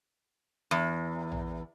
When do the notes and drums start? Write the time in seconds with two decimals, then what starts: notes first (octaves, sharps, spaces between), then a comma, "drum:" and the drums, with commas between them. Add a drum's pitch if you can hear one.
0.71 E2
1.32 drum: tom A#1